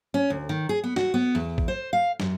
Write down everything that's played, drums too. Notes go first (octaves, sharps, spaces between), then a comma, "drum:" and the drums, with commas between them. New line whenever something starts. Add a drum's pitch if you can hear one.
C#4
D2
D#3
G#4
B3
F#4, drum: snare
B3
E2
drum: kick A1
C5
F5
F#2, drum: snare